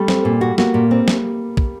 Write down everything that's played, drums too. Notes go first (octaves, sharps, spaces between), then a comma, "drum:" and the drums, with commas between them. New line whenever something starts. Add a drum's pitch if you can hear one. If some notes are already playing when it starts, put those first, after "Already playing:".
Already playing: G3 A3
C4, drum: snare
A#2
F#4
A#3 F#4, drum: snare
A#2
C4
drum: snare
drum: kick